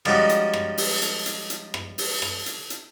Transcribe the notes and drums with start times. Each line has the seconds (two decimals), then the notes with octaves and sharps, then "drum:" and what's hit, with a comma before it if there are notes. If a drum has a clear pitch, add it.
0.05 F3 G3 G#3 C#4 D#4 F#4, drum: rim click
0.29 drum: hi-hat
0.54 drum: rim click
0.78 drum: open hi-hat
1.02 drum: hi-hat
1.26 drum: hi-hat
1.50 drum: hi-hat
1.74 drum: rim click
1.98 drum: open hi-hat
2.22 drum: rim click
2.46 drum: hi-hat
2.70 drum: hi-hat